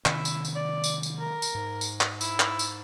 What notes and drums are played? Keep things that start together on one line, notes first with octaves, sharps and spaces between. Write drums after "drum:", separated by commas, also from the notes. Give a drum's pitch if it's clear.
C3 D#3 C#4 E4, drum: clap
drum: tambourine
drum: tambourine
D5
drum: tambourine
drum: tambourine
A#4
drum: tambourine
G#2
drum: tambourine
drum: clap
E4, drum: tambourine
drum: clap
drum: tambourine